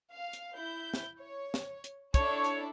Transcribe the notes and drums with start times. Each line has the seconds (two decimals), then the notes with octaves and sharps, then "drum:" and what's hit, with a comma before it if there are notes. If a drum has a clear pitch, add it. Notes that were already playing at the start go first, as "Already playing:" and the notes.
0.12 F5
0.33 drum: hi-hat
0.55 E4 G6
0.94 drum: snare
1.19 C#5
1.54 drum: snare
1.84 drum: hi-hat
2.14 D4 E4 A4 C#5, drum: kick, hi-hat
2.44 drum: hi-hat